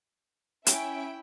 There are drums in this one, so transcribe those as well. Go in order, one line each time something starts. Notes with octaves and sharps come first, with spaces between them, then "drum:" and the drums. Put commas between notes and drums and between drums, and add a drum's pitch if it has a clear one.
C#4 E4 E5 G5 G#5 D7, drum: hi-hat